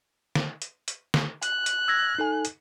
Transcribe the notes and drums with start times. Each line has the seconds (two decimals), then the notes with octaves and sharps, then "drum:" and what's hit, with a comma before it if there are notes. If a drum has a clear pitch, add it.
0.35 drum: snare
0.62 drum: hi-hat
0.88 drum: hi-hat
1.14 drum: snare
1.43 F#6, drum: hi-hat
1.66 drum: hi-hat
1.88 E6 G#6 A#6
2.19 D#4 A4 G#5
2.45 drum: hi-hat